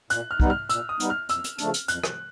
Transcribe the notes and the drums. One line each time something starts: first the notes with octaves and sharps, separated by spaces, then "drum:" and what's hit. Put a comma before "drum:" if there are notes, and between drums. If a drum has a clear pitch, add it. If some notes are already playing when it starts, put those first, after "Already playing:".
A#2 F#6, drum: hi-hat
F6
G3 B3 D#4, drum: kick
F6
A#2 E6, drum: hi-hat
D#6
G3 B3 D#4, drum: hi-hat
F6
F2 E6, drum: hi-hat
drum: hi-hat
C#3 F3 A3 D4, drum: hi-hat
drum: hi-hat
F2 F#6, drum: hi-hat
drum: rim click